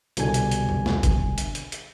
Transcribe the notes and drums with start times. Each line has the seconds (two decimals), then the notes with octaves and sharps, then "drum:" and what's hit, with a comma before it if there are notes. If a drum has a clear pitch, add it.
0.17 C2 B2 D3 D4 G#5 G#6, drum: hi-hat
0.34 drum: hi-hat
0.51 drum: hi-hat
0.69 drum: tom E2
0.86 drum: snare
1.03 drum: kick F#1, hi-hat
1.38 drum: hi-hat
1.55 drum: hi-hat
1.72 drum: hi-hat